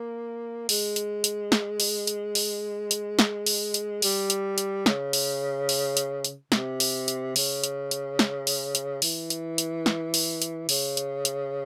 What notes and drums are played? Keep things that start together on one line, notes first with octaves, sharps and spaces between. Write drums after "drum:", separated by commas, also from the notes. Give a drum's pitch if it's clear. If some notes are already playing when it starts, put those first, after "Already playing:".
Already playing: A#3
G#3, drum: open hi-hat
drum: hi-hat
drum: hi-hat
drum: snare
drum: open hi-hat
drum: hi-hat
drum: open hi-hat
drum: hi-hat
drum: snare
drum: open hi-hat
drum: hi-hat
G3, drum: open hi-hat
drum: hi-hat
drum: hi-hat
C#3, drum: snare
drum: open hi-hat
drum: open hi-hat
drum: hi-hat
drum: hi-hat
C3, drum: snare
drum: open hi-hat
drum: hi-hat
C#3, drum: open hi-hat
drum: hi-hat
drum: hi-hat
drum: snare
drum: open hi-hat
drum: hi-hat
E3, drum: open hi-hat
drum: hi-hat
drum: hi-hat
drum: snare
drum: open hi-hat
drum: hi-hat
C#3, drum: open hi-hat
drum: hi-hat
drum: hi-hat